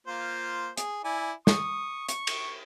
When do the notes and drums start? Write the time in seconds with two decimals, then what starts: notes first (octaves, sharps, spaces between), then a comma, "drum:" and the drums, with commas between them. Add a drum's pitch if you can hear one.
0.07 A#3 F4 C5
0.77 G#4, drum: hi-hat
1.04 E4 D5 G#5
1.47 C#6 D#6, drum: snare
2.08 C#6, drum: hi-hat
2.27 drum: cymbal